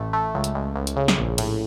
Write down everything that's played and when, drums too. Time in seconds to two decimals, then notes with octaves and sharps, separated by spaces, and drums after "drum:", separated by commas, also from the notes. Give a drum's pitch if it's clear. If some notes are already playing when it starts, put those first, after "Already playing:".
Already playing: A1 A3
0.13 A3
0.35 C#2
0.44 drum: hi-hat
0.55 C#2
0.76 C#2
0.87 drum: hi-hat
0.96 C#3
1.08 drum: snare
1.18 A#1
1.38 A2, drum: cymbal